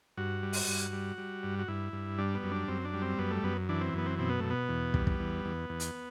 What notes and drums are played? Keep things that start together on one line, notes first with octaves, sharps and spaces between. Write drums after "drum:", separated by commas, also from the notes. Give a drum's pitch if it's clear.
G2 F#4
G3
drum: open hi-hat
G2
G3
G3
G2
F#4
G2 E4
G2
G3 D4
B3
F#2
D4
F#2 C4
D4
G3
C4
F#2 B3
A3
F#2 B3
E3 D4
C4
F#2 B3
C4
B2 C4
B3
B2 A3
B3
E2
G3, drum: kick
drum: kick
E2
E2
E2
drum: hi-hat